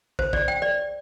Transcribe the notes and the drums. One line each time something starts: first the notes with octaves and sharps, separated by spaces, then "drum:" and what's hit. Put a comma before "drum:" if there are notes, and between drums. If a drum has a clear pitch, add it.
C5, drum: kick
D5, drum: kick
G5
D5